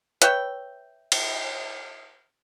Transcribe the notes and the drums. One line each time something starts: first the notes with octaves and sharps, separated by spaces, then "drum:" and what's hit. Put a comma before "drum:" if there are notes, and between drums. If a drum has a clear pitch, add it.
B4 C#5 E5 G5, drum: hi-hat
drum: cymbal